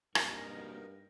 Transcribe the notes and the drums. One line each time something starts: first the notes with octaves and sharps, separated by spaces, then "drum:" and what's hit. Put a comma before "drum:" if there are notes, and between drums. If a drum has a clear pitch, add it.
G2 B2 A#3 C4 D#4 F#4 A#4 A#6, drum: rim click